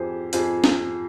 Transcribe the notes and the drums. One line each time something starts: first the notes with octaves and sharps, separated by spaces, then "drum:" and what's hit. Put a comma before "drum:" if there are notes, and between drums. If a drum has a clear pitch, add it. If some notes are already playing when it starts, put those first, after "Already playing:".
Already playing: F2 F3 G4 G#4 C5
F2 G#4 C5, drum: hi-hat
drum: snare